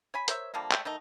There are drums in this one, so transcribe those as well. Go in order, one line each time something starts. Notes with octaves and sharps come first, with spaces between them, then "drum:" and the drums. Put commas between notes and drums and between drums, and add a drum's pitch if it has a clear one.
C#5 G#5 B5
A#4 C5 C#5 E5, drum: hi-hat
D3 F3 G3 A#3
G#3 A3 C#5 G5, drum: clap
D#3 A3 D#4